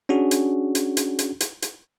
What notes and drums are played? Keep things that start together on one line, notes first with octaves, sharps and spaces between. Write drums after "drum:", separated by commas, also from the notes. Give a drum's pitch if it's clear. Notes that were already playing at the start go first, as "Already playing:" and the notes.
C#4 D4 F#4 G#4
drum: hi-hat
drum: hi-hat
drum: hi-hat
drum: hi-hat
drum: hi-hat
drum: hi-hat